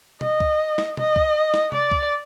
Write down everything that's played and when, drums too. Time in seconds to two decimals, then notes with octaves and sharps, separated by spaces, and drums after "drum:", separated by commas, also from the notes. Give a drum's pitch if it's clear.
0.21 D#5, drum: tom
0.40 drum: kick
0.78 drum: snare
0.97 D#5, drum: tom
1.16 drum: kick
1.54 drum: snare
1.72 D5, drum: tom C3
1.91 drum: kick